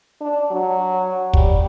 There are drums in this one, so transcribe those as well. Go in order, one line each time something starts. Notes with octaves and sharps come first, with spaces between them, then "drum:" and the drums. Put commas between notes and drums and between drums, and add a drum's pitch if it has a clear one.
D4
F#3
G3, drum: kick